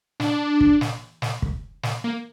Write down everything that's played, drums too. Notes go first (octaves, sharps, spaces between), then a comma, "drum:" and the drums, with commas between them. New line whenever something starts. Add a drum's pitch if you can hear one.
D4, drum: snare
drum: kick
drum: snare
drum: snare
drum: kick
drum: snare
A#3